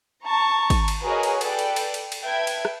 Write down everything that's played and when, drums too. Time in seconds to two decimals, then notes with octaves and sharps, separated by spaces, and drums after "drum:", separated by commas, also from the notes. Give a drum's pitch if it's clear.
0.25 A5 A#5 C#6
0.70 drum: kick, cymbal
0.88 drum: cymbal
1.02 F#4 G#4 A#4 B4 C#5 D#5
1.23 drum: cymbal
1.41 A4 B4 D5 G5, drum: cymbal
1.59 drum: cymbal
1.76 drum: cymbal
1.94 drum: cymbal
2.12 drum: cymbal
2.23 B4 E5 G5 A5 G#6
2.47 drum: cymbal
2.65 drum: rim click